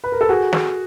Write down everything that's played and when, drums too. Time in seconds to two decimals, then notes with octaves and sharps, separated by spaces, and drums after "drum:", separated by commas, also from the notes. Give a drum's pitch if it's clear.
0.04 B4
0.12 A#4
0.21 A4
0.29 F#4 G#4
0.53 drum: snare